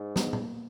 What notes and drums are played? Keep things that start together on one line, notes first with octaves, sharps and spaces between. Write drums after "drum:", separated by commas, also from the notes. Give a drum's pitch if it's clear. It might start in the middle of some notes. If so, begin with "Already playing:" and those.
Already playing: G#2
B3, drum: snare
drum: tom A#2
A#3